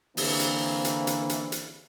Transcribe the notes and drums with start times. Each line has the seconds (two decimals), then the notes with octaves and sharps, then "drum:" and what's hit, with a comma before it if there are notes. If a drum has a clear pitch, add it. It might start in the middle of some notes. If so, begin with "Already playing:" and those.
0.17 D3 E3 A#3 C4, drum: open hi-hat
0.40 drum: hi-hat
0.85 drum: hi-hat
1.07 drum: hi-hat
1.29 drum: hi-hat
1.52 drum: hi-hat